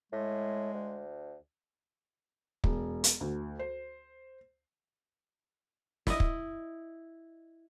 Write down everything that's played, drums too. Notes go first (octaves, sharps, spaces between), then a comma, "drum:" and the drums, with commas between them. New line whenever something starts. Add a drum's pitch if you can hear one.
A2 G#3
D2
E1, drum: kick
drum: hi-hat
D2
C5
E4 D#5, drum: snare
drum: kick